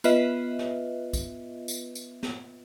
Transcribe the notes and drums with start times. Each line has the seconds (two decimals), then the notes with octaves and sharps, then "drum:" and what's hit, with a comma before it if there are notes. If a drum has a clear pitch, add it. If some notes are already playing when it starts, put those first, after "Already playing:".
0.04 B3 F4 B4 D#5 E5, drum: tambourine
0.59 drum: snare
1.13 drum: kick, tambourine
1.68 drum: tambourine
1.95 drum: tambourine
2.23 drum: snare